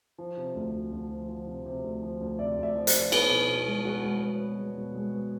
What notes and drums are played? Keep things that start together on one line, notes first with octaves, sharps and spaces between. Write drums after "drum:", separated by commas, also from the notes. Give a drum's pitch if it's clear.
F3
C3
D2
D2
D2
F3
F3
C3
C3
D2
F3
D2
C3 D5 E5
D2
D5 E5
F3
C5 D5, drum: hi-hat
F3
B3 B4 C#5, drum: cymbal
B2
B3
G#3
B3 F#4 G#4
G#3
B3
B3
G#3
B2
G#3
B3